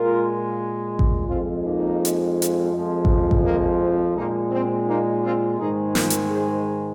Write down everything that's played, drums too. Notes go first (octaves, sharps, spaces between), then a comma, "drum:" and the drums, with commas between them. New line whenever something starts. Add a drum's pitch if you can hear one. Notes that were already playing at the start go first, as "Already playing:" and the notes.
Already playing: A#2 G#3 F4 A#4
drum: kick A1
F2 F3 G#3 C4 F4
A#3 D#4
drum: hi-hat
drum: hi-hat
F2 F3 G#3
drum: kick A1
drum: kick A1
A#3
C4
A#2 G#3 A#3 D#4
C4
A#3 D#4
C4 F4
G#2 D#3 G#3 D#4 G#4
F4 A#4, drum: snare
drum: hi-hat
G#4 C5